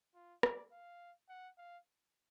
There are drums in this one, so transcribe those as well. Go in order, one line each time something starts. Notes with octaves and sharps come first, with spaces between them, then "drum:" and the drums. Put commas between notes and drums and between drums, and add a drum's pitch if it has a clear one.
F4
D5, drum: rim click
F5
F#5
F5